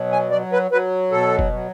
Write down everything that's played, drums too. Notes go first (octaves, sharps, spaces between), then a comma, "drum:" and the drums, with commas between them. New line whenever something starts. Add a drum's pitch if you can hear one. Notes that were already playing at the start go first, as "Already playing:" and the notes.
Already playing: B2 F#3
G#5
F#3 D5
B4
F#3 B4
B2 A4
drum: kick F1
F#3